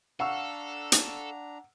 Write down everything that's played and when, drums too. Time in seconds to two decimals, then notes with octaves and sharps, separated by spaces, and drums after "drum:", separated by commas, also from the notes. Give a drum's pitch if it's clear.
0.20 D4 A4 F5 F#5 A#5 C#6 E6
0.92 drum: hi-hat